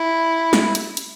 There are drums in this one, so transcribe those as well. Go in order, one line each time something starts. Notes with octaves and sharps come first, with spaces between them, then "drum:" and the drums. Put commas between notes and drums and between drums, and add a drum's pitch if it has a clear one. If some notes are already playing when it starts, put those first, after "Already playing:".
Already playing: E4
drum: snare
drum: hi-hat
drum: hi-hat